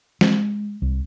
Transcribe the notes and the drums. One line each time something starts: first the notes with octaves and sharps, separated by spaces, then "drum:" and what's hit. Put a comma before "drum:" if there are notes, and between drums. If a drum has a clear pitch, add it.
G#3, drum: snare
C2